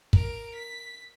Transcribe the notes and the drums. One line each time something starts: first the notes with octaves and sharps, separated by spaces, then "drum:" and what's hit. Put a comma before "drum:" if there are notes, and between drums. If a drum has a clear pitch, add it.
A#4 D7, drum: kick
B6